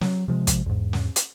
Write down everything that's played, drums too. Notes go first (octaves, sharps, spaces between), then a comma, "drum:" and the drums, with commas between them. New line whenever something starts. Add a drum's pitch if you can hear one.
F#3, drum: snare
C3 F3 G#3
drum: kick, hi-hat
E2 G#2
drum: snare
drum: hi-hat